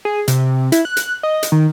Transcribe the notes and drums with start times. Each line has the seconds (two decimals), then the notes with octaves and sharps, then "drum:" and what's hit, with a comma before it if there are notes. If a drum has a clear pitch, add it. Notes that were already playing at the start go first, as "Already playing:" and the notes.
0.05 G#4
0.28 C3, drum: hi-hat
0.72 E4, drum: hi-hat
0.85 F#6
0.97 drum: hi-hat
1.23 D#5
1.43 drum: hi-hat
1.52 D#3